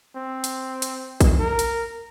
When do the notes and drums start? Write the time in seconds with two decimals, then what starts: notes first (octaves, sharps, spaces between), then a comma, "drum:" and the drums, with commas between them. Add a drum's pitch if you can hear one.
0.15 C4
0.44 drum: hi-hat
0.82 drum: hi-hat
1.21 drum: kick, hi-hat
1.40 A#4
1.59 drum: hi-hat